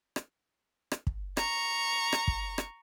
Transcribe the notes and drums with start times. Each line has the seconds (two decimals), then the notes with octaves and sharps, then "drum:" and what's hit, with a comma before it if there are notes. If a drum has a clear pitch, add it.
0.16 drum: rim click
0.92 drum: rim click
1.07 drum: kick
1.37 A#5 C#6, drum: rim click
2.12 drum: rim click
2.28 drum: kick
2.58 drum: rim click